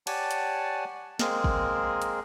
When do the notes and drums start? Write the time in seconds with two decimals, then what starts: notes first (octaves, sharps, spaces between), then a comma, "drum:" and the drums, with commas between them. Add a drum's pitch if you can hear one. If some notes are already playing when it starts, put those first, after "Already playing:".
0.07 G4 C#5 D5 F#5 G#5 A5, drum: cymbal
0.31 drum: hi-hat
1.19 G#3 A#3 C4 G#4 A#4, drum: snare
1.44 drum: kick
2.02 drum: hi-hat